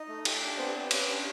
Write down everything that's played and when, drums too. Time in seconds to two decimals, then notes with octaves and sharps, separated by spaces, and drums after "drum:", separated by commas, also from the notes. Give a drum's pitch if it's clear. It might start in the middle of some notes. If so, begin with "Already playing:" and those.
Already playing: D#4 D#5
0.08 A3
0.25 G4, drum: cymbal
0.41 D4
0.58 B3 C4 C5
0.75 B3
0.91 C#4 G4 C#5, drum: cymbal
1.08 D4